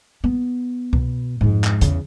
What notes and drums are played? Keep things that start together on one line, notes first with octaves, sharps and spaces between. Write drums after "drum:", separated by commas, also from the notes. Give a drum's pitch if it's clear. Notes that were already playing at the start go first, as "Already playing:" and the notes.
B3
B2, drum: kick C2
F2 G#2
drum: clap
E2 C#3, drum: hi-hat